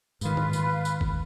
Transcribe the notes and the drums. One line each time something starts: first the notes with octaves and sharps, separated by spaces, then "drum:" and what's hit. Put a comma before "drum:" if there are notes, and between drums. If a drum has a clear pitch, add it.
G#2 D#3 F4 B4, drum: tambourine
drum: tom G#2
drum: tambourine
drum: tambourine
drum: kick